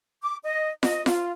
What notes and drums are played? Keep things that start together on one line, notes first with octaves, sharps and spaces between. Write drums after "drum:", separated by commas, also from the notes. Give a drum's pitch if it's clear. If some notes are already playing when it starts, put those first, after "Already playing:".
D6
D#5
D#5, drum: snare F4
F4, drum: snare F4